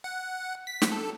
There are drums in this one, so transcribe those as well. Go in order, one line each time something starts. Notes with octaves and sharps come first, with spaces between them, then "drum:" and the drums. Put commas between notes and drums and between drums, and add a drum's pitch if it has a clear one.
F#5
B6
drum: snare
A4